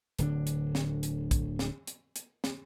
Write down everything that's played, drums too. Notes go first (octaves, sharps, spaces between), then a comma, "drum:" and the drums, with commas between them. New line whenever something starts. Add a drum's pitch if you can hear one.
D1 D3 D4, drum: hi-hat
drum: hi-hat
drum: snare
drum: hi-hat
drum: kick, hi-hat
drum: snare
drum: hi-hat
drum: hi-hat
drum: snare